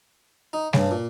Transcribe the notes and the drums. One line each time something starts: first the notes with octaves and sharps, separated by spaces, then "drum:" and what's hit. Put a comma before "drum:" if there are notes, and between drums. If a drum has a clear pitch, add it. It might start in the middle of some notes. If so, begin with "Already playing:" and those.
D#4
G2 C#3, drum: snare G3
A#2